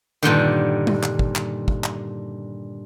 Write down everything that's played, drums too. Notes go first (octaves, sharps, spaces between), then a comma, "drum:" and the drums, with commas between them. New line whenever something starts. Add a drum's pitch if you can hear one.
G2 A#2 D3 D#3
drum: tom G3
drum: clap
drum: kick
drum: clap
drum: kick
drum: clap